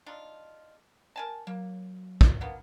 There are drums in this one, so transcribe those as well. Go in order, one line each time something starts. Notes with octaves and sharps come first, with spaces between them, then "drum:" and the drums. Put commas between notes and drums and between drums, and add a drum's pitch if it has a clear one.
D4 D#4 F4
A#4 G#5 A5
F#3 A#3
drum: kick
A#3 B3 D4